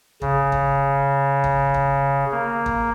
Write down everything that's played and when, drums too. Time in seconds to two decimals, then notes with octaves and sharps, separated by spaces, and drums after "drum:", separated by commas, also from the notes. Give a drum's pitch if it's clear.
0.22 C#3, drum: kick
0.52 drum: kick
1.44 drum: kick
1.74 drum: kick
2.32 A#3
2.66 drum: kick